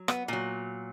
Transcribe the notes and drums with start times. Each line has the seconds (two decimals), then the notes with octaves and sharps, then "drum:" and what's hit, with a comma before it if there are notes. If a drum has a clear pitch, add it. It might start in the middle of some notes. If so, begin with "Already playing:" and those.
Already playing: F#3
0.08 B3, drum: rim click
0.28 A#2 F#3